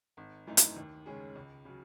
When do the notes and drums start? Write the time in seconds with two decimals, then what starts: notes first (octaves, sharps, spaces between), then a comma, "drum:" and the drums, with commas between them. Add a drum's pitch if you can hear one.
0.17 G#1
0.47 F#2 E3 A3 D#4
0.57 drum: hi-hat
0.76 D#2
1.06 C#3 G#3 C#4 G#4
1.35 C#2
1.65 C#3 F#3